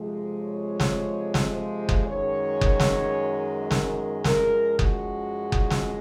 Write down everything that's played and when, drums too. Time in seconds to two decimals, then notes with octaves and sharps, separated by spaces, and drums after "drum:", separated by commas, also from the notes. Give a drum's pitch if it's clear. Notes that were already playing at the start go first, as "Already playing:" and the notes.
Already playing: F2 C3 F3 G#3
0.43 C#5
0.80 drum: snare
1.34 drum: snare
1.52 C5
1.89 drum: kick F#1
2.07 F#2 D#3 G#3 C#5
2.61 drum: kick F#1
2.80 drum: snare
3.71 A#4, drum: snare
4.24 F#2 F3 G#3 A#4, drum: snare
4.79 F#4, drum: kick F#1
5.52 drum: kick F#1
5.70 drum: snare